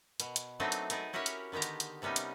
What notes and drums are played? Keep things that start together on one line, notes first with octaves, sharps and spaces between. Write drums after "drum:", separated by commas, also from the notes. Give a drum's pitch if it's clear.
B2, drum: hi-hat
drum: hi-hat
F#3 A3 B3 C4 D4 D#4
drum: hi-hat
B3 D#4 G#4 D5, drum: hi-hat
C#4 E4 F#4 G4 A#4 C#5
drum: hi-hat
D3 D#3 B3 G4 A#5
drum: hi-hat
drum: hi-hat
C3 G3 B3 C#4 D#4
drum: hi-hat